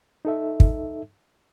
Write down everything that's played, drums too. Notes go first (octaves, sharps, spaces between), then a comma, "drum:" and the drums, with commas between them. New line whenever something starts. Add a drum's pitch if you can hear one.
D#4 A4 E5
drum: kick